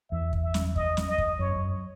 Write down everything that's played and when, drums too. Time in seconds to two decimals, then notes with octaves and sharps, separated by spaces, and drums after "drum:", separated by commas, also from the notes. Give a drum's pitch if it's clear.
0.11 E2 E5
0.33 drum: kick
0.43 E5
0.54 drum: snare
0.76 D#5, drum: kick
0.97 drum: snare
1.08 D#5
1.18 drum: kick
1.39 F#2 C#5
1.56 F#2